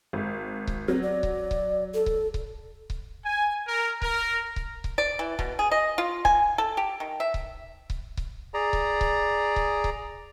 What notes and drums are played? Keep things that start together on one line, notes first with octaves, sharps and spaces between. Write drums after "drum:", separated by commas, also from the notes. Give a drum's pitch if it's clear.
G#1
drum: kick C#1
F#3 C4
D5
drum: kick C#1
drum: kick C#1
A4
drum: kick C#1
drum: kick C#1
drum: kick C#1
G#5
A#4
A#4, drum: kick C#1
drum: kick C#1
drum: kick C#1
D5
E3
B2, drum: kick C#1
G#4
D#5
F4
G#5, drum: kick C#1
A4
G4
D#3
E5
drum: kick C#1
drum: kick C#1
drum: kick C#1
G#4 D5 A#5
drum: kick C#1
drum: kick C#1
drum: kick C#1
drum: kick C#1